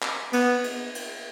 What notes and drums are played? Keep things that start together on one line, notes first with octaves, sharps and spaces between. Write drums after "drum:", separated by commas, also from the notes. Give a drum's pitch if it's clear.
drum: clap
B3, drum: cymbal
drum: cymbal
drum: cymbal